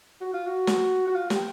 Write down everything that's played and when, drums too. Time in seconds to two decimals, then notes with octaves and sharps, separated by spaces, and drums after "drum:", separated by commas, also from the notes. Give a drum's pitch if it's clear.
0.20 F#4
0.33 F4
0.46 F#4
0.67 drum: snare
1.07 F#4
1.14 F4
1.30 G4, drum: snare